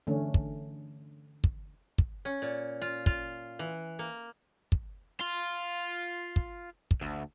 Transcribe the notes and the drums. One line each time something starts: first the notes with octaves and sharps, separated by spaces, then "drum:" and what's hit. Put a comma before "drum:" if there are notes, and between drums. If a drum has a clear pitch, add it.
D3 E3 A3 C#4 D4
drum: kick
drum: kick
drum: kick
C#4
A#2
F4
F4, drum: kick
E3
A#3
drum: kick
F4
drum: kick
drum: kick
D2